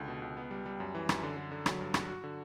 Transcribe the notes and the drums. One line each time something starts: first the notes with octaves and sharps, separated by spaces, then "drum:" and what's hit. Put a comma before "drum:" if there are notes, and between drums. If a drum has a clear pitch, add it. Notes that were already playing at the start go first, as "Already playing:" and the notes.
Already playing: C#2 D3
B2
C#2
B3
G3
G3
F#2
E3
F#2, drum: rim click
D3
D3
D3
F#3, drum: rim click
G2
F#4, drum: rim click
F#4
D3